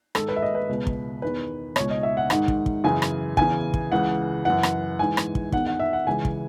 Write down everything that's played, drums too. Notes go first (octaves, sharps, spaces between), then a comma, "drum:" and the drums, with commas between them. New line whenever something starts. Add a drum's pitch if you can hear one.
G#2 D#3 A4, drum: rim click
B4
E5
D#5
B4
C#2 B2
drum: kick
E2 D#3 B4
C#2 B2 C#5, drum: rim click
D#5
E5
F#5
G#2 D#3 F#5, drum: rim click
drum: kick
drum: kick
F#2 C#3 E3 G#5
drum: rim click
E2 C#3 E3 G#5, drum: kick
drum: kick
C#2 C#3 E3 F#5
F#2 E3 F#5
drum: rim click
G#2 E3 G#5
drum: rim click
drum: kick
E2 D#3 F#5, drum: kick
F#5
E5
F#5
C#2 C#3 E3 G#5
drum: kick